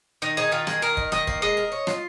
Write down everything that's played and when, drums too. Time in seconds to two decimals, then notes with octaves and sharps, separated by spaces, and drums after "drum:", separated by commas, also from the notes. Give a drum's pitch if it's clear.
0.22 D#3 D#4
0.37 D#4 G#4
0.52 D#3 F4
0.67 A#3 G#4, drum: rim click
0.82 D#3 A#4
0.97 D#4, drum: kick
1.12 D#3 D#5, drum: rim click
1.27 A#3, drum: kick
1.42 G#3 D#5
1.57 A#4
1.72 C#5
1.87 F4, drum: rim click